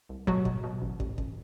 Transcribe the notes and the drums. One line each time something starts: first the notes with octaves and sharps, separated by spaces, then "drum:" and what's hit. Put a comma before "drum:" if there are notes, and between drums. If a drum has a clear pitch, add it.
C2
B2 F#3 F#4, drum: kick
B2, drum: kick
B2
A1
A1, drum: kick
A1, drum: kick